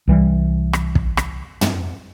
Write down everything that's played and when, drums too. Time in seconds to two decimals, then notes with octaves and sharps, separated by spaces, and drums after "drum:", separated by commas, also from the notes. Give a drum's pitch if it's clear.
0.07 C2 E3 G3
0.73 drum: rim click
0.95 drum: kick
1.17 drum: rim click
1.61 drum: tom